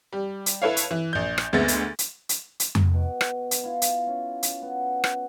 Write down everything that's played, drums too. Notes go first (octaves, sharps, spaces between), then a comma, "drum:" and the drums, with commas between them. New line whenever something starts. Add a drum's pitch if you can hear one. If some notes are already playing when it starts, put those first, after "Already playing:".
G3
drum: hi-hat
E4 A4 B4 C#5 F5
drum: hi-hat
E3
A#1 G6
drum: rim click
D2 G#3 B3 E5 A6 A#6
drum: hi-hat
drum: hi-hat
drum: hi-hat
drum: hi-hat
drum: tom F2
B2
drum: rim click
drum: hi-hat
E4 F4
drum: hi-hat
C#4
drum: hi-hat
B3
drum: rim click